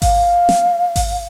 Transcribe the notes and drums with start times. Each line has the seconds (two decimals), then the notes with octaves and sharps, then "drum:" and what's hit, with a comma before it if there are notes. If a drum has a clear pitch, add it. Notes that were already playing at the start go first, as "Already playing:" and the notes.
0.02 F5, drum: kick G#1, open hi-hat
0.49 drum: snare
0.96 drum: kick G#1, open hi-hat